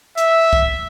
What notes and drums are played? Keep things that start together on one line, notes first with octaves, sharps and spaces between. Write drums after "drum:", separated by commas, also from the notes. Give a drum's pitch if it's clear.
E5, drum: hi-hat
drum: kick C2